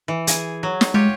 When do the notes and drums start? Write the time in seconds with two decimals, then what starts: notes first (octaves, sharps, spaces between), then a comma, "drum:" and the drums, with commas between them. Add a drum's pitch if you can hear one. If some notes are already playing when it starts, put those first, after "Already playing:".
0.08 E3
0.27 G#4, drum: hi-hat
0.63 F#3
0.81 drum: snare
0.94 G#3 F4 G4 C#5